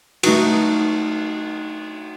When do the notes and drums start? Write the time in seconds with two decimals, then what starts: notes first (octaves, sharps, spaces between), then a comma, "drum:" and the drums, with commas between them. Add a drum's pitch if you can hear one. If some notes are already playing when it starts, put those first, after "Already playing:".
0.23 A3 D#4 F#4, drum: cymbal